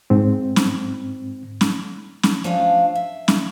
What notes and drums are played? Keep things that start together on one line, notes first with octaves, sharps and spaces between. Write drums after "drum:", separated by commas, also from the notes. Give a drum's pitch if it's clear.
G#2 C4
drum: snare C#4
drum: snare C#4
drum: snare C#4
F3 A3 C#4 D4 F4 F5
E5
drum: snare C#4